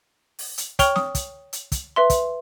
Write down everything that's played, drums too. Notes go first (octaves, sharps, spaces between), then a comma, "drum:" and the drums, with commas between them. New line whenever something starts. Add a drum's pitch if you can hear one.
drum: open hi-hat
drum: hi-hat
C#5 G5 C#6 F6 F7 G7, drum: kick, hi-hat
D#6, drum: snare
drum: kick, hi-hat
drum: hi-hat
drum: kick, hi-hat
B4 E5 C6
drum: kick, hi-hat